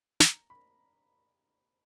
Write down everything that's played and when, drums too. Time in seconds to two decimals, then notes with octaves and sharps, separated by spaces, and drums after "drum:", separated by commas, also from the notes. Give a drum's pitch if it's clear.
0.20 A#5, drum: snare
0.50 B5